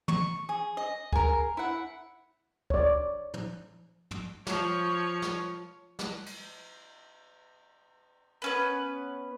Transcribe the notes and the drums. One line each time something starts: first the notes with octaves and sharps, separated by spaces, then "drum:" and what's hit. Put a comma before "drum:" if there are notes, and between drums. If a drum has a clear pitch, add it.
C#6, drum: tom
G#4
D#5
G#4 A#4, drum: kick C#2
E4 F#5
C#5 D5, drum: kick C#2
drum: tom
drum: tom
F3 C#5, drum: snare
drum: snare
drum: snare
drum: cymbal
B3 C#4 B4